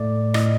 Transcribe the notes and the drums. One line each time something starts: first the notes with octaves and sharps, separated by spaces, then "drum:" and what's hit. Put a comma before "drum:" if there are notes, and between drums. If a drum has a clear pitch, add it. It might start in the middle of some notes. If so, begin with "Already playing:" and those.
Already playing: A2 A3 D5
A2 D#5, drum: rim click